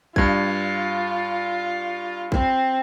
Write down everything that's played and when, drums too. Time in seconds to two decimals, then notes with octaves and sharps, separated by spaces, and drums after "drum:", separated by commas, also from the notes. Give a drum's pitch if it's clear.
0.16 G2 F4 G#6, drum: kick
2.32 C4, drum: kick